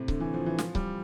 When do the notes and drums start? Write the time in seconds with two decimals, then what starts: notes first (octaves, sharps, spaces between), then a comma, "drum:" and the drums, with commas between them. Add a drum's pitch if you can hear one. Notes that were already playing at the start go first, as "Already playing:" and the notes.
Already playing: A2 C3
0.08 D3, drum: kick C#1
0.20 E3
0.34 F3
0.46 E3
0.58 F3, drum: snare
0.75 G3, drum: kick C#1